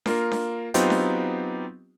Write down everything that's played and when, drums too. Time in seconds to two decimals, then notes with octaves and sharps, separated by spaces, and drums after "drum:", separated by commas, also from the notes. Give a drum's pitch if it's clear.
0.06 A#3 F4 A#4, drum: snare D4
0.32 drum: snare D4
0.74 F#3 B3 C4 D#4 F4 G4, drum: hi-hat
0.90 drum: snare D4